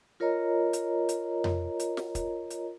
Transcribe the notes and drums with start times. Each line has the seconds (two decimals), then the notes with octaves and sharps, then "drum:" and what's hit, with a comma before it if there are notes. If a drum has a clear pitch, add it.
0.20 F4 A#4 C#5 D#5 A#5
0.73 drum: hi-hat
1.09 drum: hi-hat
1.44 drum: tom F2
1.79 drum: hi-hat
1.97 drum: snare
2.15 drum: kick, hi-hat
2.50 drum: hi-hat